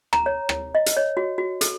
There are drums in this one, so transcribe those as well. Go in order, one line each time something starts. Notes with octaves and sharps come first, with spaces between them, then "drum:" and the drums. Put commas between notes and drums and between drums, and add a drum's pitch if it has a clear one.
A#5, drum: rim click
C#5
drum: rim click
D#5
drum: hi-hat
C#5
F#4
F#4
A4, drum: hi-hat